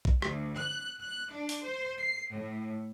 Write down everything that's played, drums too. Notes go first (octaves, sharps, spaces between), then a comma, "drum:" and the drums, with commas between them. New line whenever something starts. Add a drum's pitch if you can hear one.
drum: kick
D2, drum: rim click
F#6
F#6
D4
drum: open hi-hat
C5
C7
A2